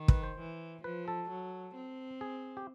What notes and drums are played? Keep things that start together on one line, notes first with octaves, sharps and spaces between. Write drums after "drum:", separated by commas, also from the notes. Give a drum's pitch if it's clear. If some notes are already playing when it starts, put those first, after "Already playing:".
Already playing: D#3
B4, drum: kick
C5
E3
F3 B4
A4
F#3
C4
G#4
G4